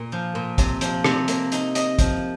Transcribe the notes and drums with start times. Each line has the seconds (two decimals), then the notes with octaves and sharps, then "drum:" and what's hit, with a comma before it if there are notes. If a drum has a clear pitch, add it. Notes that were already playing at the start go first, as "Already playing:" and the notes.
Already playing: A#2
0.12 F3
0.35 A#2
0.58 C3, drum: kick, hi-hat
0.81 F3, drum: hi-hat
1.04 C3, drum: rim click
1.28 A#3, drum: hi-hat
1.52 D#4, drum: hi-hat
1.75 D#5, drum: hi-hat
1.99 F3, drum: kick, hi-hat